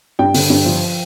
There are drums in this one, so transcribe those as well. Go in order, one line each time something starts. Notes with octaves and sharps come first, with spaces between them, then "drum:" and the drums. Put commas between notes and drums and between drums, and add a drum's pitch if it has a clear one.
G2 G5
D3, drum: open hi-hat
G2
F3